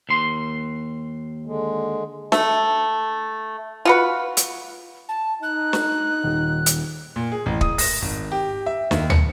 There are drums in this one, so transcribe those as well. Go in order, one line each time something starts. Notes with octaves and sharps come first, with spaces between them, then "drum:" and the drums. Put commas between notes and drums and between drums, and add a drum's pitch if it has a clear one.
D#2 C6
D3 G#3
A3, drum: snare
F4 F#4 B4
drum: hi-hat
A5
D#4 F#6
drum: snare
D#1
drum: hi-hat
A#2
G#4
A1
D#6, drum: kick
A#6, drum: open hi-hat
G#1
G4
E5
D#2, drum: snare
C#7, drum: tom